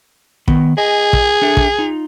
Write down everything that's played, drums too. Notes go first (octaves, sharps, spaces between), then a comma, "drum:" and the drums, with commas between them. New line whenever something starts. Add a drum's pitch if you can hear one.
D#3 B3, drum: kick
G#4 D#5 G#5
drum: kick
D4 A4 E5
drum: kick
D#4 F4